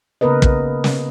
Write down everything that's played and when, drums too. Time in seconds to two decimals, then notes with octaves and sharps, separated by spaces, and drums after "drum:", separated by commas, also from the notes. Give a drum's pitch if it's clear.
0.21 C#3 A#3 B3 A#4 B4 D#5
0.42 drum: kick
0.84 drum: snare